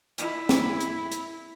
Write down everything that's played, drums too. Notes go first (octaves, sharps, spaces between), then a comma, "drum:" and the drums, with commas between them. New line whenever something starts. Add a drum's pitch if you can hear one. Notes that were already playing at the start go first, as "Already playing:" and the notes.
E4, drum: hi-hat
drum: snare
drum: hi-hat
drum: hi-hat